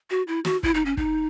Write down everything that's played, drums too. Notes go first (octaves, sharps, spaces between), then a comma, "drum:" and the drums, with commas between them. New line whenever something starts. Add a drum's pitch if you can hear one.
F#4
E4
F#4, drum: snare
E4, drum: kick
D#4
C#4
D#4, drum: kick